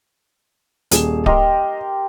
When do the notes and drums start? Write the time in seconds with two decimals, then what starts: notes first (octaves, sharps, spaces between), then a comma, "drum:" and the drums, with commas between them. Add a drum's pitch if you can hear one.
0.91 D#1 G#4 E7, drum: hi-hat
1.26 G4 A#4 D#5 C6, drum: kick D1